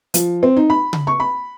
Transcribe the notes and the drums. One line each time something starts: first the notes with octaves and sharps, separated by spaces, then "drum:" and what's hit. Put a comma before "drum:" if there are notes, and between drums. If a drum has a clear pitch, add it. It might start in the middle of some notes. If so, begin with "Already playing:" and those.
F3, drum: hi-hat
C4
D#4
B5
drum: tom C#3
C#6
B5